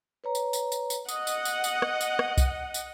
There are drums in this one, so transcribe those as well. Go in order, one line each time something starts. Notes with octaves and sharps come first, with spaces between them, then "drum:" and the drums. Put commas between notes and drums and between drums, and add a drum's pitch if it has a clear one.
B4 C#5 A#5
drum: tambourine
drum: tambourine
drum: tambourine
drum: tambourine
D#5 F#5 D#6, drum: tambourine
drum: tambourine
drum: tambourine
drum: tambourine
drum: rim click
drum: tambourine
drum: rim click
drum: kick B1, tambourine
drum: tambourine